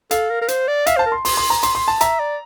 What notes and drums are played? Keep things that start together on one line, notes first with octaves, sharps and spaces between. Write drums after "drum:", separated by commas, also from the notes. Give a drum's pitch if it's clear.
A4 F5, drum: hi-hat
A#4
A#4
C5, drum: hi-hat
D5
E5 F5, drum: hi-hat
C5 A5
A#4
C6
C6, drum: open hi-hat
C6
A#5
C6, drum: hi-hat
C6
A5
E5 A#5, drum: hi-hat
D5